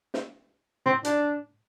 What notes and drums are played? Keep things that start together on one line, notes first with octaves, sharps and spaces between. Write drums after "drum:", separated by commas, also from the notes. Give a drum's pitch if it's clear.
drum: snare
C4, drum: tom A2
D4, drum: hi-hat